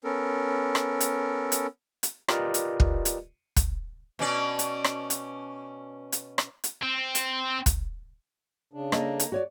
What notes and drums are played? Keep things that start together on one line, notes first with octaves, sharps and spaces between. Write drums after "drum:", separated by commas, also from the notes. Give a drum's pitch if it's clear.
B3 C#4 A4 A#4
drum: rim click
drum: hi-hat
drum: hi-hat
drum: hi-hat
F4 G4 A#4 B4 D5 D#5, drum: rim click
drum: hi-hat
drum: kick
drum: hi-hat
drum: kick, hi-hat
B2 C#4 D5
drum: hi-hat
drum: rim click
drum: hi-hat
drum: hi-hat
drum: rim click
drum: hi-hat
C4
drum: hi-hat
drum: kick, hi-hat
C#3 D4
A#3 A4 D#5, drum: rim click
drum: hi-hat
F#4 C#5 D5